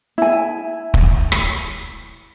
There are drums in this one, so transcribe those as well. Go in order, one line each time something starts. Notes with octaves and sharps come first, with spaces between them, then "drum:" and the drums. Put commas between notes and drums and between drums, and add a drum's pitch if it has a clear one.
E4 G#5
drum: kick
drum: rim click